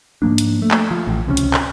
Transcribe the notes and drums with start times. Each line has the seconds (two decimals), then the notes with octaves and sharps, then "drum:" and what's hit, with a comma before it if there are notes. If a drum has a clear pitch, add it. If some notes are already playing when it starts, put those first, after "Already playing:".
0.22 G#2 F3 A#3 D4
0.38 drum: hi-hat
0.62 A3
0.71 drum: clap
0.91 F3
1.07 A1
1.27 C#2 C3 F3 C#4
1.37 drum: hi-hat
1.54 drum: clap